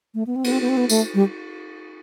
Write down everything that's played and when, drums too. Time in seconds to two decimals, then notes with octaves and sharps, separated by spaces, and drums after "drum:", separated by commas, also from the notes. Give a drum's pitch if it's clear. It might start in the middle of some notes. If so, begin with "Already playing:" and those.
0.14 A3
0.27 B3
0.36 C4
0.44 B3, drum: cymbal
0.52 C4
0.61 B3
0.69 C4
0.77 B3
0.89 A3, drum: tambourine
1.14 G3